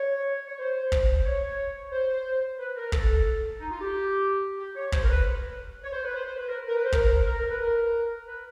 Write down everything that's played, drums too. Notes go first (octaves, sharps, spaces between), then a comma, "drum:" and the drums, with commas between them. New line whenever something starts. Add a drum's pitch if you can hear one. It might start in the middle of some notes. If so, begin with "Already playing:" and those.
Already playing: C#5
C#5
C5
drum: kick
C#5
C5
B4
A#4
A4, drum: kick
D#4
F4
G4
G4
C#5
C5, drum: kick
A#4
B4
C#5
C5
B4
C5
C5
B4
A#4
A#4
B4
C5
A#4, drum: kick
A#4
A#4
B4
A#4
B4